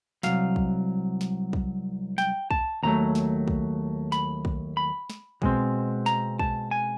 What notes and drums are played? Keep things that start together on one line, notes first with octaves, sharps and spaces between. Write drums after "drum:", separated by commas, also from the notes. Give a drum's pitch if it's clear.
C2 B2 F#3 F5, drum: snare
drum: kick
drum: snare
drum: kick
G5, drum: snare
A5, drum: kick
D#2 C#3 F#3 A3 A#5
drum: snare
drum: kick
B5, drum: snare
drum: kick
B5
drum: snare
B2 G#3 C4, drum: kick
A#5, drum: snare
A5, drum: kick
G#5